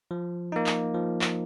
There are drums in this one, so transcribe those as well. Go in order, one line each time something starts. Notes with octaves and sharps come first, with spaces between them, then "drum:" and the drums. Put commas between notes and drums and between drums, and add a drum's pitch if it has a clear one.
F3
A#3 D#4
drum: clap
F3
drum: clap